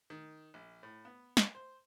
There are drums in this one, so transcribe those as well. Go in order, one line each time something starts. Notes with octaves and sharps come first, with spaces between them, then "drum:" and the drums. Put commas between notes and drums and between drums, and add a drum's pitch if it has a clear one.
D#3
A#1
A2
B3
F#6, drum: snare
C5